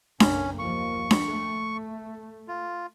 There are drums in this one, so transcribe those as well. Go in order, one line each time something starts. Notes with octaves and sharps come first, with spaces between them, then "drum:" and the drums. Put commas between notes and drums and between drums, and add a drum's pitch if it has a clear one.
F#1 B1 A#3 C#4, drum: snare D4
D#2 F3 A#3 C#6
drum: snare D4
A3
F4